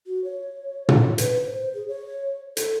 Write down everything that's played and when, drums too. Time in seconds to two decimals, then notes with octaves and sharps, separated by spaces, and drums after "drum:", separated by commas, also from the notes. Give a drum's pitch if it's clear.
0.06 F#4
0.24 C#5
0.89 drum: tom
1.18 B4, drum: hi-hat
1.46 C5
1.74 G#4
1.88 C#5
2.57 A4, drum: hi-hat